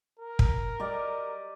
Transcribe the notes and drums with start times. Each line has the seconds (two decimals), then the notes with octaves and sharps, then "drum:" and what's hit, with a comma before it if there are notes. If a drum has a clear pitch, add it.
0.19 A#4
0.39 drum: kick
0.80 G4 D5 D#5